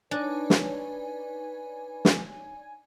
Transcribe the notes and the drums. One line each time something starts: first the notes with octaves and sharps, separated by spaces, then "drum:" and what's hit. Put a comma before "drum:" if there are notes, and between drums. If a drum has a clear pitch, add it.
D4 D#4 B4 C#5 D5 G#5
drum: snare
drum: snare